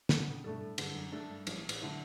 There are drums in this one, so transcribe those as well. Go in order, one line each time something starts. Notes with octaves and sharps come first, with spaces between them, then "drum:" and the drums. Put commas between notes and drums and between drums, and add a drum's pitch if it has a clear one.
D3, drum: snare
A2 C#3
G2 B2 A3 D4 A4
A2
G2 D3, drum: cymbal
F#2
A3 D4 A4
G2
A1 A2, drum: cymbal
A2, drum: cymbal
D3 A3 E4